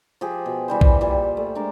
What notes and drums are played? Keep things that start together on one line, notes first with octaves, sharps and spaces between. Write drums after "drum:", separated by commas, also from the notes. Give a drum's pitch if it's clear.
F3 G4 G#4
B2
E3 G3 C5
drum: kick A#1
A#2 G3 C6
A3
G#3 D4 A#4